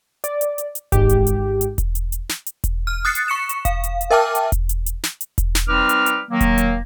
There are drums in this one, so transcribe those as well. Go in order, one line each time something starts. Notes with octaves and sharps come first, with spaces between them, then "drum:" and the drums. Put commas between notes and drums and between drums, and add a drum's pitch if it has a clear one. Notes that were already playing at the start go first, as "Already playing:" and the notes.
D5, drum: hi-hat
drum: hi-hat
drum: hi-hat
drum: hi-hat
G#1 G#2 G4, drum: kick E1, hi-hat
drum: hi-hat
drum: hi-hat
drum: hi-hat
drum: kick E1, hi-hat
drum: hi-hat
drum: hi-hat
drum: snare
drum: hi-hat
drum: kick E1, hi-hat
F6
D#6 F#6 A6 C7 C#7
drum: hi-hat
C#6 C#7 E7
drum: hi-hat
F5, drum: kick E1, hi-hat
drum: hi-hat
drum: hi-hat
A#4 E5 G5 A5 D6 F6
drum: hi-hat
drum: kick E1, hi-hat
drum: hi-hat
drum: hi-hat
drum: snare
drum: hi-hat
drum: kick E1, hi-hat
drum: snare
G3 C4 D#4 B4 D6 F6
drum: hi-hat
drum: hi-hat
D#3 F#3 A#3
drum: kick E1, hi-hat
drum: hi-hat